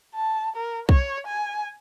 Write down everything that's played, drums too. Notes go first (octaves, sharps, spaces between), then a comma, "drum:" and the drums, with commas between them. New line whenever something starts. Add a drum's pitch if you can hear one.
A5
A#4
C#5, drum: kick B1
G#5